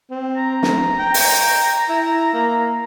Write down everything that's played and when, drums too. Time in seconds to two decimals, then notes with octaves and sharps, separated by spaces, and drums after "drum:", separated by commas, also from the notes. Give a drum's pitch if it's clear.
0.11 C4
0.37 A#5
0.63 drum: snare
0.99 G5
1.14 drum: open hi-hat
1.89 E4
2.33 A#3